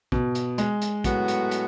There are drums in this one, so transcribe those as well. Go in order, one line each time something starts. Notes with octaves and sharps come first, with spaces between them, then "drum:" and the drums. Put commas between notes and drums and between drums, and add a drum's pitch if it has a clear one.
B2, drum: kick
drum: hi-hat
G#3, drum: hi-hat
drum: hi-hat
A2 F#3 B3 F#4, drum: kick, hi-hat
drum: hi-hat
drum: hi-hat